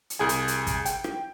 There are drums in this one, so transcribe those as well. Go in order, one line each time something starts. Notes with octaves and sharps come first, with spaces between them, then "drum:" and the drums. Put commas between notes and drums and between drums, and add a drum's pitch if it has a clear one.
drum: hi-hat
C2 G#4 G#5
drum: hi-hat
drum: hi-hat
drum: kick, hi-hat
G5, drum: hi-hat
drum: rim click